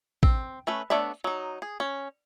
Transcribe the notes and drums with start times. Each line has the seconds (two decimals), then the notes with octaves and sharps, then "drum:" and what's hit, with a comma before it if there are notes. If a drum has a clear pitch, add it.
0.23 C4, drum: kick
0.67 A3 C#4 B4
0.90 A3 B3 D4 C#5 E5
1.24 F#3 D#4
1.62 G#4
1.80 C#4